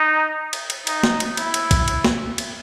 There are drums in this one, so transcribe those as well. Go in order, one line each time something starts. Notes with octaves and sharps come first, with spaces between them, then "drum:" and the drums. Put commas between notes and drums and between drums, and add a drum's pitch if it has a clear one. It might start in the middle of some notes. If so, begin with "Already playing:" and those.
Already playing: D#4
drum: cymbal
drum: cymbal
D#4, drum: cymbal
drum: snare
drum: cymbal
E4, drum: cymbal
drum: cymbal
drum: kick, cymbal
drum: cymbal
drum: snare
drum: cymbal